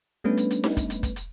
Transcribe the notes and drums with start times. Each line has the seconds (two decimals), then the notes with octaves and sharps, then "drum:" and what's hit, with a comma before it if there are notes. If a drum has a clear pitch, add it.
0.24 G3 A3 B3 C#4 D4 B4
0.37 drum: hi-hat
0.51 drum: hi-hat
0.64 drum: snare D#4
0.77 drum: kick, hi-hat
0.90 drum: hi-hat
1.03 drum: kick, hi-hat
1.16 drum: hi-hat